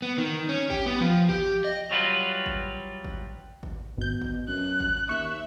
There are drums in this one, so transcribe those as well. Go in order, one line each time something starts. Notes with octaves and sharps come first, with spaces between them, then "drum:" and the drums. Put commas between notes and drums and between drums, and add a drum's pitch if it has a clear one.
B3
D#3
C#4
G4, drum: kick G#1
B3
F3
G4, drum: kick G#1
D#5
F#3 G3 F4 F#4 G#4 B4
drum: kick G#1
drum: kick G#1
drum: kick G#1
G#1 B2 G6
drum: kick G#1
F#2 F#6
drum: kick G#1
D#2 E5 C#6 F#6